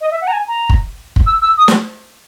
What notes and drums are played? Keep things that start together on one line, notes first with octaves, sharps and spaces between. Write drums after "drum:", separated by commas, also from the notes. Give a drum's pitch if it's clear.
D#5
E5
F#5
A#5
G#5
A#5
drum: kick
drum: kick
E6
E6
D#6
drum: snare